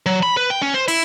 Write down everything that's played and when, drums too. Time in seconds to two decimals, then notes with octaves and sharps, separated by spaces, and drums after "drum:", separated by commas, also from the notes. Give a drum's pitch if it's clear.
0.06 F#3
0.23 B5
0.37 B4
0.50 G5
0.62 C#4
0.74 C5
0.88 E4, drum: open hi-hat